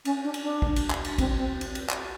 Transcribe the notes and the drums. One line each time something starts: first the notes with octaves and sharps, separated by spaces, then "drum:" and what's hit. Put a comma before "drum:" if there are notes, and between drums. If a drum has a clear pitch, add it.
C#4, drum: cymbal
D4
drum: cymbal
D4
drum: kick
drum: cymbal
drum: clap
drum: cymbal
C4, drum: kick, cymbal
C4
drum: cymbal
drum: cymbal
drum: clap